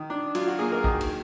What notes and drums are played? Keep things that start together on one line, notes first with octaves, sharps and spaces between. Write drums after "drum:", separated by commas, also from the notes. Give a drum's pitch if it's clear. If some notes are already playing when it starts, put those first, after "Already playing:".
Already playing: D#3
D4
F#3 F4, drum: cymbal
F#4
A#3 G#4
A#4
D#3, drum: kick
drum: cymbal